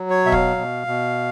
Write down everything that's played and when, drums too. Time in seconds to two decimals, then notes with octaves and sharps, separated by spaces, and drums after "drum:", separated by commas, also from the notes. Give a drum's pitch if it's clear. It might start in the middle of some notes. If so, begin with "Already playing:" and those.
Already playing: F#3
0.10 C#5
0.25 B2 E5
0.32 F5, drum: kick
0.57 B2
0.87 B2